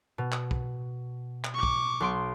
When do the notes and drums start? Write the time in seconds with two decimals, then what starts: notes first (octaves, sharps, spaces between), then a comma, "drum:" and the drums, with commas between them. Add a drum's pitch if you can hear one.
0.18 B2
0.32 drum: clap
0.51 drum: kick
1.44 drum: clap
1.54 C#6 D6
1.63 drum: kick
2.00 B1 C6 D7